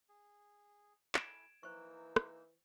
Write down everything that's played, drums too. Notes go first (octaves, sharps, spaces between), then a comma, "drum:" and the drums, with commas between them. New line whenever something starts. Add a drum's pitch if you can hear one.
G#4
E4 A4 G#5 G#6 D7 E7, drum: clap
E3 A#3 D#4 C5 C#6 E6
drum: rim click